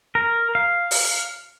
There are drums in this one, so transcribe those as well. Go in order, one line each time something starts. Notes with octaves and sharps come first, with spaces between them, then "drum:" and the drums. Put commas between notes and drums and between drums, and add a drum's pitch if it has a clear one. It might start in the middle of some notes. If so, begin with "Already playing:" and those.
A#4
F5
drum: open hi-hat